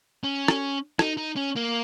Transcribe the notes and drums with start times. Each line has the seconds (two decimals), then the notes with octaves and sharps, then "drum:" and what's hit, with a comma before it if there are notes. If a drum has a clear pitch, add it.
0.24 C#4
0.48 drum: rim click
0.99 D#4, drum: rim click
1.17 D#4
1.36 C#4
1.56 A#3